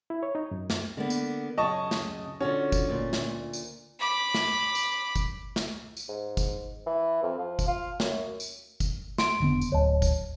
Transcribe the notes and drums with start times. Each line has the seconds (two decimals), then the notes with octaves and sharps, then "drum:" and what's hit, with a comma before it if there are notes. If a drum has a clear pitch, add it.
0.10 E4
0.23 C#5
0.35 D#4
0.51 F#2
0.70 drum: snare
0.97 D3 A#3 B3
1.10 drum: tambourine
1.58 F#2 C#3 D#5 A5 C#6
1.91 drum: snare
2.40 D3 C#4 F4 F#4
2.72 drum: kick, tambourine
2.89 D2 A#2
3.13 drum: snare
3.53 drum: tambourine
3.99 B5 D6
4.34 drum: snare
4.75 drum: tambourine
5.16 drum: kick, tambourine
5.56 drum: snare
5.97 drum: tambourine
6.09 G#2
6.37 drum: kick, tambourine
6.86 E3
7.23 F2
7.39 F3
7.59 drum: kick, tambourine
7.68 F4
8.00 F#2, drum: snare
8.40 drum: tambourine
8.80 drum: kick, tambourine
9.18 C6 D7, drum: snare
9.40 E1 D3 B3
9.61 drum: tambourine
9.72 D1 C#5 D#5 A5
10.02 drum: kick, tambourine